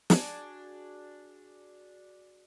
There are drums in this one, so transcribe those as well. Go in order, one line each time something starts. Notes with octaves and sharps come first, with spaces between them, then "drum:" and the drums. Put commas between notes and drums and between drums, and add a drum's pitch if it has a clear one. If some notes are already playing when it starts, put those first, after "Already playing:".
D4 F#4 G#4 D5, drum: snare